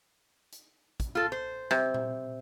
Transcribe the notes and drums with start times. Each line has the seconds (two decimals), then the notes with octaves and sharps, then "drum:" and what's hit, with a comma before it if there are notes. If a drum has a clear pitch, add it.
0.52 drum: hi-hat
1.00 drum: kick, hi-hat
1.15 F4 A4
1.32 C5
1.71 C3, drum: snare
1.94 drum: tom A#2